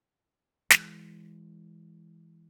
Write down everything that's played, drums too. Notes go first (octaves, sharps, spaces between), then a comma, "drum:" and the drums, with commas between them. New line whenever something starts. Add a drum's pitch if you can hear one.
E3 G#3, drum: snare